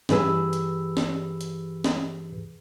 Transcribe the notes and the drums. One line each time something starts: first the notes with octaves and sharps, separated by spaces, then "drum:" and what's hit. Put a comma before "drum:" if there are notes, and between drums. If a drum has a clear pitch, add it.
G2 E3 G4 G#4 B4 E6, drum: snare
drum: hi-hat
drum: snare
drum: hi-hat
drum: snare